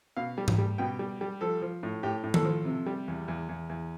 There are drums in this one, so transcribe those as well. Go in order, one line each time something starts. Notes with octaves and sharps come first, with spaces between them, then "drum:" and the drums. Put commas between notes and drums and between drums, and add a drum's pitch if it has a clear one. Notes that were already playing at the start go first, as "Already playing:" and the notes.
B2 F5
G3
drum: tom G#2
G3
B2 G5
G3
G3
F3 A4
F3
A2
A2 G4
A2
A4, drum: tom D#3
F3
C3
G3
E2
E2
E2
E2